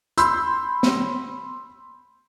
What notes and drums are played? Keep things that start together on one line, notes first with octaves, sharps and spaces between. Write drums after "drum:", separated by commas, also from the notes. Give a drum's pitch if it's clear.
B5 C6 E6 G6, drum: hi-hat
drum: snare